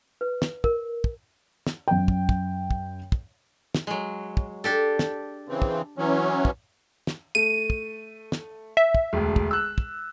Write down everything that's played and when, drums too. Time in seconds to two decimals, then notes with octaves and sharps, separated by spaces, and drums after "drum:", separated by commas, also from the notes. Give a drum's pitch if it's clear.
0.21 B4
0.42 drum: snare
0.64 A#4, drum: kick
1.04 drum: kick
1.67 drum: snare
1.88 F#2 G5
2.08 drum: kick
2.29 drum: kick
2.71 drum: kick
3.12 drum: kick
3.75 drum: snare
3.87 F#3 G#3
4.37 drum: kick
4.64 D4 G4 A4
4.99 drum: snare
5.49 C#3 E3 C4
5.62 drum: kick
5.98 E3 F#3 C#4
6.45 drum: kick
7.07 drum: snare
7.35 A3 D#7
7.70 drum: kick
8.32 drum: snare
8.77 E5
8.95 drum: kick
9.13 E1 D2
9.36 drum: kick
9.51 E6 F#6
9.78 drum: kick